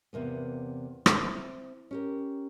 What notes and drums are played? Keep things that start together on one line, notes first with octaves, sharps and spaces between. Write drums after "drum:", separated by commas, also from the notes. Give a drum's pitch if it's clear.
E2 C3 A#3 B3
C4 E4, drum: rim click
C#4 G4 A#4